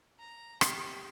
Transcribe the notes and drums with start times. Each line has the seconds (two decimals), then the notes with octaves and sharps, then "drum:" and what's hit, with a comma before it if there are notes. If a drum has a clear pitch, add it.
0.19 A#5
0.61 G4, drum: rim click